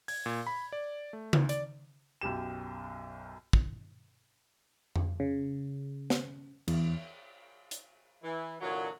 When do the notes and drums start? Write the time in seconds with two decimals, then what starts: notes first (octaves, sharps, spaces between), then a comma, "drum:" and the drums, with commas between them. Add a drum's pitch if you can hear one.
0.08 G#6, drum: open hi-hat
0.26 A#2
0.47 B5
0.72 D5
1.13 A3
1.33 D2, drum: tom C#3
1.49 D5, drum: hi-hat
2.21 B1 F#2 G4 E7
3.53 drum: kick
4.96 drum: tom F2
5.20 C#3
6.10 drum: snare
6.68 E2, drum: cymbal
7.71 drum: hi-hat
8.23 E3
8.61 A#2 D3 E3 F#3